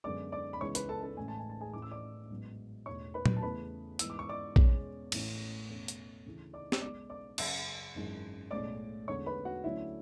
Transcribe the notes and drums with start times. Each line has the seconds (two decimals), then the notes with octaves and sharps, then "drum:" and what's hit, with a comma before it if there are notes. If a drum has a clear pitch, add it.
0.04 F#2 D3 G#3 B3 D5 D6
0.32 D5 D6
0.53 B5
0.61 C#2 C#3 E3 G#3 B3 C#5 C#6
0.75 B4 B5, drum: hi-hat
0.89 A4 A5
1.03 A4 A5
1.17 A1 A2 E3 G#3 G#5
1.28 A5
1.39 G#5
1.49 A5
1.61 G#4 G#5
1.73 A1 A2 E3 D6
1.82 E6
1.91 D5 D6
2.30 A1 G#2 F#3 B3
2.86 E1 E2 B2 A3 C#5 C#6
3.14 B4 B5
3.26 drum: tom A#2
3.36 A5
3.42 E2 C#3 E3 A3 B4 B5
3.99 G#2 E3 B3 E6, drum: hi-hat
4.10 D6
4.19 C#6
4.29 D5 D6
4.56 E2 B2 G#3 C#4, drum: kick A#1
5.12 A1 A2 E3 A3 C#4, drum: cymbal
5.69 E2 B2 A3 C#4
5.88 drum: hi-hat
6.26 D2 C#3 E3
6.54 D5 D6
6.72 E6, drum: snare
6.81 B1 B2 G#3 D5 D6
7.10 D5 D6
7.38 F#1 F#2 C#3 E5 E6, drum: cymbal
7.95 G#1 F#2 E3 G#3
8.51 B1 A2 G#3 C#4 D5 D6
9.08 E2 D3 G#3 C#4 C#5 C#6
9.26 B4 B5
9.45 F#4 F#5
9.64 D2 D3 F#3 A3 C#4 E4 E5